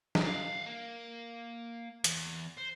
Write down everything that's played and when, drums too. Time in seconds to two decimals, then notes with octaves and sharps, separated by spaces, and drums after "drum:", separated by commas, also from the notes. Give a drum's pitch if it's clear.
0.15 drum: snare
0.24 F5 F#5
0.66 A#3
2.04 E2, drum: hi-hat
2.57 C5